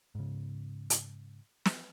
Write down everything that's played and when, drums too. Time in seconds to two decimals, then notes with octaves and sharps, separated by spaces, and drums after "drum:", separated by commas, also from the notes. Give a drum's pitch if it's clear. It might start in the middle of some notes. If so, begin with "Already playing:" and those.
0.15 G#2 C#3
0.90 drum: hi-hat
1.66 drum: snare